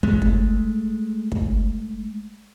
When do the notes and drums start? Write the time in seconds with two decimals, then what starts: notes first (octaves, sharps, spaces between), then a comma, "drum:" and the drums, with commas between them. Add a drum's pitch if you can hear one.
0.03 G#3 A3, drum: kick
0.22 drum: kick
1.32 drum: kick